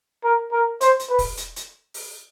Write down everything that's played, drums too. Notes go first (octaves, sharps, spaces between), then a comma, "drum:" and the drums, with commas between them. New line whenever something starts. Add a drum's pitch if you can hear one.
A#4
A#4
C5, drum: hi-hat
drum: hi-hat
B4
drum: kick, open hi-hat
drum: hi-hat
drum: hi-hat
drum: open hi-hat